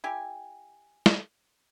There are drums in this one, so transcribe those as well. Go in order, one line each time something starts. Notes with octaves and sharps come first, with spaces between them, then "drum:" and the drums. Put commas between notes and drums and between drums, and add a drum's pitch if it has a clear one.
E4 G4 G#5
drum: snare